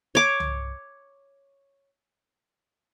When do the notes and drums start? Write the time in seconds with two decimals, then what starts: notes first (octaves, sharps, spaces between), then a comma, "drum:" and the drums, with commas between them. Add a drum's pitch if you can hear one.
0.15 C#5 D6
0.40 drum: tom C2